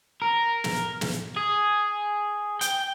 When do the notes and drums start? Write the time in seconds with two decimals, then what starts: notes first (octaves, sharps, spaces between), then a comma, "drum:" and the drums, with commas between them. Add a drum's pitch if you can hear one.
0.22 A#4
0.64 drum: snare
1.01 drum: snare
1.37 G#4
2.61 G5, drum: hi-hat